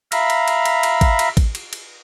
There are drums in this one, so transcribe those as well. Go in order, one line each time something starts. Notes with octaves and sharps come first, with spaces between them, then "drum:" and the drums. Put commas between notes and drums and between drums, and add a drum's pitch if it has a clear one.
E5 F5 A#5 B5, drum: cymbal
drum: cymbal
drum: cymbal
drum: cymbal
drum: cymbal
drum: kick A1, cymbal
drum: cymbal
drum: kick A1, cymbal
drum: cymbal
drum: cymbal